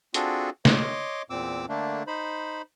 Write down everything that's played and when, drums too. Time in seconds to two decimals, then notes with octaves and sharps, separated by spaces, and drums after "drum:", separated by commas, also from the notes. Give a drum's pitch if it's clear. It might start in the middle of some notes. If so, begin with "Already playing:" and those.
0.14 C4 D4 F4 F#4 G#4 A4, drum: hi-hat
0.65 C#5 D#5 C6 D6, drum: snare
1.30 E2 A#2 C4 D6 E6
1.69 D3 A3 A#3 D4
2.07 D#4 C5 B5